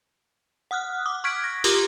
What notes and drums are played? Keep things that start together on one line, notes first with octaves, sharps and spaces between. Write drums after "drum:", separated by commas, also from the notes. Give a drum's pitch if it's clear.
F#5 D#6 F6 F#6
D6 D#6
C#6 F6 F#6 G#6 B6 D7
A#6
F4 G4 A#4 D6, drum: open hi-hat